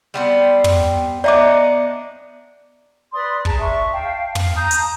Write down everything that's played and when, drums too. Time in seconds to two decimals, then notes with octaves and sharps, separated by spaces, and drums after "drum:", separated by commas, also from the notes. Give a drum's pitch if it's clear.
0.14 G3 B3 C4
0.64 drum: tom
1.24 B3 D4 D#4 D5 E5 D6
3.13 B4 D5 C6 D#6
3.45 G#4 A5 A#5, drum: kick
3.58 D4 E5 C#6
3.92 F5 G5 A5
4.35 F5, drum: tom
4.55 A5 A#5 D#6 G6
4.71 drum: hi-hat